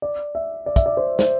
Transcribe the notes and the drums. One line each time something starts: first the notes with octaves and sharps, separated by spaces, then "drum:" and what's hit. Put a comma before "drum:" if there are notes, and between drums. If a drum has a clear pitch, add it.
D5
E5
D5
E5, drum: kick, hi-hat
D5
C5
C5, drum: snare